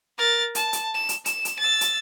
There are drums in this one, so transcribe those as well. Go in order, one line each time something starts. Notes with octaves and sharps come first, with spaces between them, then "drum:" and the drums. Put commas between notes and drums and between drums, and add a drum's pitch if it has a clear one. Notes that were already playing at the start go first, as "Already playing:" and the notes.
A#4 A6
A5, drum: hi-hat
drum: hi-hat
E7
drum: hi-hat
E7, drum: hi-hat
drum: hi-hat
E6 A6
drum: hi-hat